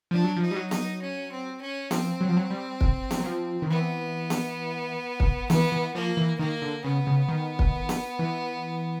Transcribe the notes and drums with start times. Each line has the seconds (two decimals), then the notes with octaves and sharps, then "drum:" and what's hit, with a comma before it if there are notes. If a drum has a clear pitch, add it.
0.11 F3 D4
0.24 F#3
0.37 F3 D#4
0.51 G3
0.56 F#3
0.71 D#4, drum: snare B3
1.02 C#4
1.31 C4
1.61 C#4
1.91 F3 C4, drum: snare B3
2.21 F#3
2.29 F3
2.37 F#3
2.50 G3
2.81 drum: kick
3.11 drum: snare B3
3.20 F#3
3.26 F3
3.62 D#3
3.70 E3 B3
4.30 drum: snare B3
5.20 drum: kick
5.50 E3 B3, drum: snare B3
5.72 E3
5.94 F3 A#3
6.17 E3
6.39 D#3 A#3
6.62 D3
6.84 C#3 B3
7.07 C#3
7.29 D#3
7.59 drum: kick
7.89 drum: snare B3
8.19 E3